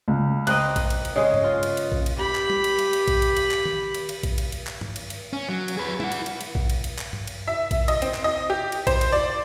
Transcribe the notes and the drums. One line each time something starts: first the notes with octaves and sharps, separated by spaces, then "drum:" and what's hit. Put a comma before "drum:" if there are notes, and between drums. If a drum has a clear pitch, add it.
C#2
A#3 C4 D#5 F#6, drum: cymbal
drum: kick A#1, cymbal
drum: cymbal
drum: cymbal
C#3 G#3 D#5
drum: tom G2
F4
drum: cymbal
drum: cymbal
drum: kick A#1
drum: cymbal
G4 B5
drum: clap
drum: tom
drum: cymbal
drum: cymbal
drum: cymbal
drum: kick A#1, cymbal
drum: cymbal
drum: cymbal
drum: clap
drum: tom D#3
drum: cymbal
drum: cymbal
drum: kick A#1, cymbal
drum: cymbal
drum: cymbal
drum: clap
drum: tom G2
drum: cymbal
drum: cymbal
C#4
F#3
drum: cymbal
G#4 B4
E4 F#5, drum: tom
drum: cymbal
drum: cymbal
drum: cymbal
drum: kick A#1
drum: cymbal
drum: cymbal
drum: clap
drum: tom G2
drum: cymbal
E5
drum: kick A#1, cymbal
D#5, drum: cymbal
C4, drum: cymbal
drum: clap
D#5
G4
drum: cymbal
C5, drum: kick A#1, cymbal
drum: cymbal
D5